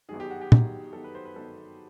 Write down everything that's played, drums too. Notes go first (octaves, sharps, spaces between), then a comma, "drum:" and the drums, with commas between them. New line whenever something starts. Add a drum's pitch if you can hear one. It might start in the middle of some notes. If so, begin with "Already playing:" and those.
G1 F#2 D#3 G#4
G4
F#4
G4
G1 F#2 D#3, drum: tom A#2
G1 F#2 D#3 A4
B4
C5
B4
G1 F#2 D#3 A4